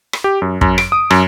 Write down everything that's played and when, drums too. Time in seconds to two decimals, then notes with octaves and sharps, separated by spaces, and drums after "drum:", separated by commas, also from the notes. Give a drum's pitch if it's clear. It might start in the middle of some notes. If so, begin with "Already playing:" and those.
0.13 drum: rim click
0.24 G4
0.42 F#2
0.61 F#2, drum: kick
0.78 D7, drum: rim click
0.92 D#6
1.11 F#2, drum: rim click